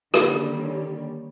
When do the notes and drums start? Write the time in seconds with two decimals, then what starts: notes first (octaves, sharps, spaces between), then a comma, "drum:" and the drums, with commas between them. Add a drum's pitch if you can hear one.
0.14 D3 D#3 G3 A#3 C#4, drum: rim click